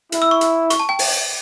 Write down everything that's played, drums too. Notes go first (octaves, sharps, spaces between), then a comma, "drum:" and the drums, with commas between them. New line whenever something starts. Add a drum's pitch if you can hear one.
E4, drum: hi-hat
E6
C#6
drum: hi-hat
C#6, drum: hi-hat
A5
G5
drum: open hi-hat